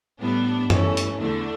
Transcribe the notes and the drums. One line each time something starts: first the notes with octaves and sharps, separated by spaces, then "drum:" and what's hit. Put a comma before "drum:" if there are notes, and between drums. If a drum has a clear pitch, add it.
A2 G3 B3 D4
G2 E3 A3 C#4, drum: tom F#2
drum: hi-hat
E2 D3 A3 D4